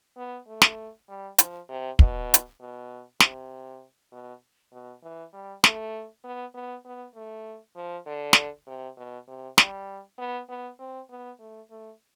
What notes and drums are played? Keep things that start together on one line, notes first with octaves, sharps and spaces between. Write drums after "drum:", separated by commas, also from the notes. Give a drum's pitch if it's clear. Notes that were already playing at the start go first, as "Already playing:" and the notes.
B3
A3
drum: snare
G3
F3, drum: hi-hat
C3
B2, drum: kick
drum: hi-hat
B2
C3, drum: snare
B2
B2
E3
G3
A3, drum: snare
B3
B3
B3
A3
F3
D3
drum: snare
C3
B2
C3
G3, drum: snare
B3
B3
C4
B3
A3
A3